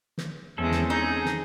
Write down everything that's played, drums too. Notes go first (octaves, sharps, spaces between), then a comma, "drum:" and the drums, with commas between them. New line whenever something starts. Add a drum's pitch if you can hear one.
drum: snare
E2 G#3 C4 C#4 A4
drum: snare
D#4 G#4
drum: snare